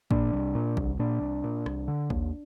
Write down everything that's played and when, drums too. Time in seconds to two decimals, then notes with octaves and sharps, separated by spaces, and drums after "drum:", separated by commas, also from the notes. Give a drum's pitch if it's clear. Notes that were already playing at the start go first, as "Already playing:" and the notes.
0.11 A#2 D4, drum: kick
0.33 C2
0.55 A#2
0.77 C2, drum: kick
0.99 A#2 D4
1.21 C2
1.44 A#2
1.66 C2, drum: rim click
1.88 D3
2.10 D#2, drum: kick